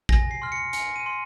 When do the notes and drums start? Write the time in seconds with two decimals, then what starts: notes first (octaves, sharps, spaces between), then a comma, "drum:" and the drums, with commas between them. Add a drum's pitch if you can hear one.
0.09 G#5 A#6, drum: kick
0.31 C7
0.42 C6 F6
0.52 C#7
0.73 G#5 C#7, drum: hi-hat
0.96 D#7
1.06 C6